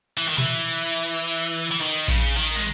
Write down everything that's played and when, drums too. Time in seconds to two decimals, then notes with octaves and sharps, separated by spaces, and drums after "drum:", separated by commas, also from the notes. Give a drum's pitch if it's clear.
0.18 E3, drum: tambourine
0.28 D#3
0.38 E3, drum: tom A#2
1.71 E3
1.81 D#3
2.08 C#3, drum: kick A#1
2.36 D#3
2.56 G#3